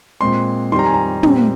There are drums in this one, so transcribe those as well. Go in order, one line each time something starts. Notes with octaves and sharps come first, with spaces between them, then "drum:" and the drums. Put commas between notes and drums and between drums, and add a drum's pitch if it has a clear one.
A#2 G#3 C4 C6
F2 D#3 G3 C6
A#5
G#5
A#5
A#2 G3 C4, drum: tom